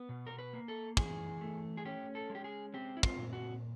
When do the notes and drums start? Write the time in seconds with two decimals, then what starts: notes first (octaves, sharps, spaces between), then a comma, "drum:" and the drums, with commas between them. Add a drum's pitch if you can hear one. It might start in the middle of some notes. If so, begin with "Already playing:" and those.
Already playing: B3
0.09 B2
0.27 A#4
0.38 B4
0.53 A#3
0.68 A4
0.97 E3 G#4, drum: kick
1.41 A3
1.77 G#4
1.85 C#4 G4
2.15 A4
2.30 G#3
2.35 G4
2.44 G#4
2.74 C4 G4
2.97 E4
3.03 F4, drum: kick
3.18 A#2
3.33 F#4